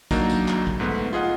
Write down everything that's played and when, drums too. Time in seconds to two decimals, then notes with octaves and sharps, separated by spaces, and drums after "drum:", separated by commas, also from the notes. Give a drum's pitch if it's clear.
0.11 F#3 A#3 D4 D#4, drum: kick A#1, tambourine
0.30 drum: tambourine
0.48 drum: clap
0.67 drum: kick A#1
0.80 G#2 A3 B3
1.13 F4 G#4 D#5 F#5